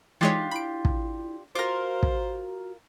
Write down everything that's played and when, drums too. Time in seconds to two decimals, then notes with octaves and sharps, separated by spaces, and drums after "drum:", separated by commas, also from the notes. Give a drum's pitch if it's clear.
0.21 E3 G#3 D4 D#4 F4 G4 C#5
0.51 E4 B5 D7
0.85 drum: kick
1.55 F4 F#4 A#4 C5 D6 A#6
2.03 drum: kick